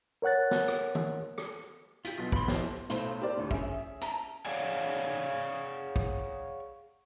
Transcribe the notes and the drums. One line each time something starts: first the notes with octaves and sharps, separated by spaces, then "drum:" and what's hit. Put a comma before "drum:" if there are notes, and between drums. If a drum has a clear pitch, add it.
A#4 C#5 F#5 F#6 A6
drum: snare
drum: rim click
drum: tom
drum: rim click
F4 G4 B6, drum: hi-hat
B1 B2 F4
B5 C6, drum: kick
F2 E4 G4 A4 C5, drum: snare
B1 A2 A3 C5, drum: hi-hat
G4 A#4 C5 D5
D2 A2
C#4 G#4 E5, drum: kick
A5 A#5, drum: hi-hat
G#4 C#5 D5 F5 F#5 G#5
drum: kick